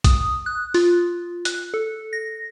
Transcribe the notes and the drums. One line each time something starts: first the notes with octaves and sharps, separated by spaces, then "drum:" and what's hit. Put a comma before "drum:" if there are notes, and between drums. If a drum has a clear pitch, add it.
D#6, drum: kick A1, hi-hat
F#6
F4, drum: open hi-hat
F#6, drum: hi-hat
A4
A#6